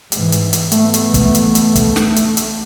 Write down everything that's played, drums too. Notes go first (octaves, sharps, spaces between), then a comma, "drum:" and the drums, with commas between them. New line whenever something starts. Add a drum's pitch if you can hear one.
G#2 E3, drum: hi-hat
drum: hi-hat
drum: hi-hat
E3 A3 B3, drum: hi-hat
drum: hi-hat
drum: kick, hi-hat
drum: hi-hat
drum: hi-hat
drum: kick, hi-hat
drum: snare
drum: hi-hat
drum: hi-hat